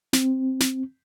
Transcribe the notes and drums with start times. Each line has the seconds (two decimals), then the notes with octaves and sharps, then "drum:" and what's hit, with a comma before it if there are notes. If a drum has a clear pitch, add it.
0.13 C4, drum: snare
0.60 drum: snare